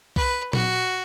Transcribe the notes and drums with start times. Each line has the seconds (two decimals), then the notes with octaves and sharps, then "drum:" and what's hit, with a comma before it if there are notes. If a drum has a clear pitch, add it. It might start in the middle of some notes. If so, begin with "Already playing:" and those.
0.16 B4, drum: kick B1
0.53 F#4, drum: tom A#2